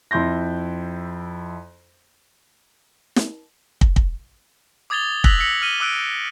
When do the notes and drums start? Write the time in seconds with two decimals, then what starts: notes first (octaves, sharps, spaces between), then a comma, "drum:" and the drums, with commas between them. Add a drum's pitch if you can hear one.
0.11 F2 E4 C6 G6 A#6
3.16 drum: snare
3.81 drum: kick
3.96 drum: kick
4.90 D6 D#6 G#6 A6 F7 G7
5.24 E6 F#6 A#6 B6 F7 F#7, drum: kick
5.38 E6 A#6 B6 C#7 F#7
5.62 F6 D#7 G7
5.80 D6 E6 F#6 D7